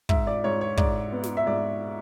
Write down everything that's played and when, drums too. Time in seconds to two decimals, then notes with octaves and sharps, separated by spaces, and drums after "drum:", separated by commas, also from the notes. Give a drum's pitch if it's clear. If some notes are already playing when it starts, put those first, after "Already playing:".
0.09 G#2 E5, drum: kick
0.27 D5
0.44 G#2 C#5
0.61 C#5
0.77 G#2 D5, drum: kick
1.12 B3
1.23 drum: snare
1.37 E5
1.46 G#2 D5